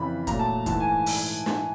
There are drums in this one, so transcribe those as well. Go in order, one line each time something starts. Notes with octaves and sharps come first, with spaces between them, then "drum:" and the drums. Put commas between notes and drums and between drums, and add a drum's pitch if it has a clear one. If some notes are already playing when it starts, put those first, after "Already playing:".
Already playing: F2 C#3 E3 B5
A#2 F#3 A3 A#5, drum: kick, hi-hat
A5
G#2 E3 A3 A5, drum: kick, hi-hat
G#5
drum: open hi-hat
drum: snare